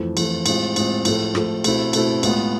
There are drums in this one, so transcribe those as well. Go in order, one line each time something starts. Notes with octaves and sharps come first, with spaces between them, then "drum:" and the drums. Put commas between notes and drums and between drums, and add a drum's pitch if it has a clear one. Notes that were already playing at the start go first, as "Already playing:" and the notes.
Already playing: F2 E3 A3
F2 E3 A3, drum: cymbal
A2 G#3 C4 F4, drum: cymbal
A2 G#3 C4 F4, drum: cymbal
A2 F3 A3, drum: cymbal
A2 F3 A3, drum: rim click
B2 A3 C4 E4, drum: cymbal
B2 A3 C4 E4, drum: cymbal
A2 G#3 B3 F4, drum: cymbal